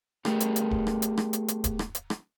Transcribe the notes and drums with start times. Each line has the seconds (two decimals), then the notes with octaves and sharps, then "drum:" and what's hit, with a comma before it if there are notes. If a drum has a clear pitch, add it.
0.25 A3 B3 G4 G#4 A#4, drum: rim click
0.40 drum: hi-hat
0.56 drum: hi-hat
0.71 drum: kick D1
0.87 drum: rim click
1.02 drum: hi-hat
1.17 drum: rim click
1.33 drum: hi-hat
1.48 drum: hi-hat
1.64 drum: kick D1, hi-hat
1.79 drum: rim click
1.95 drum: hi-hat
2.10 drum: rim click